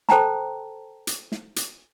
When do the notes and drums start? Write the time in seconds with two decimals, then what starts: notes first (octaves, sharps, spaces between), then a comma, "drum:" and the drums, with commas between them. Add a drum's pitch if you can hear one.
0.09 A4 C5 G5 A5 A#5, drum: snare
1.07 drum: hi-hat
1.32 drum: snare
1.56 drum: hi-hat